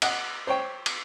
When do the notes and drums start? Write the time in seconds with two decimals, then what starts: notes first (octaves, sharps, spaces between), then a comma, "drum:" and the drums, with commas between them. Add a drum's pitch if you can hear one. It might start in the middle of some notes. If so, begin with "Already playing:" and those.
0.02 D#5 F#5, drum: cymbal
0.47 C5 C#5 G5
0.86 drum: cymbal